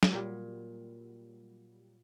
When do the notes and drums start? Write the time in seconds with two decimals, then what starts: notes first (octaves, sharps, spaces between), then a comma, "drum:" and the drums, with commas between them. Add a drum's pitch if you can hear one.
0.03 drum: snare F#3
0.12 A#2 F#3 G3